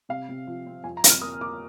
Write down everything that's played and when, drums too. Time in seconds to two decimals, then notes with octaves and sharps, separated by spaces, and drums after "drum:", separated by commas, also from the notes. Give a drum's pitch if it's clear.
0.09 C3 F5
0.29 C3
0.47 F3
0.66 C4
0.84 F2 G#5
0.97 A#5
1.04 F2, drum: hi-hat
1.10 F6
1.22 A#3 D#6
1.40 A#3 D6